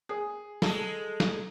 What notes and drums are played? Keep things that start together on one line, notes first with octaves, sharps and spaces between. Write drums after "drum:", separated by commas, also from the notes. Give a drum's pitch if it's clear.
G#4
G#3 A4, drum: snare
drum: snare